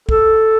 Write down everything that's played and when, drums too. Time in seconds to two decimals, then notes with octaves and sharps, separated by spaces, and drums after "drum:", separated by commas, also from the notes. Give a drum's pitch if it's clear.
0.09 A4, drum: kick